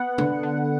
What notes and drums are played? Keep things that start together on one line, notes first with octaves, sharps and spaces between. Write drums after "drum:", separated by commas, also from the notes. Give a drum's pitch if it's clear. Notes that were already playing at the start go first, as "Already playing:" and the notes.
Already playing: B3 F#5
D3, drum: tom C3
D3